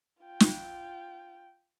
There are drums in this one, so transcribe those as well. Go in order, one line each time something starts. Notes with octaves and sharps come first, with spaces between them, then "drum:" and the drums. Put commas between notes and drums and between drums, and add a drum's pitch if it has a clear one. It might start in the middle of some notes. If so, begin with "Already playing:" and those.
F4 G5
drum: snare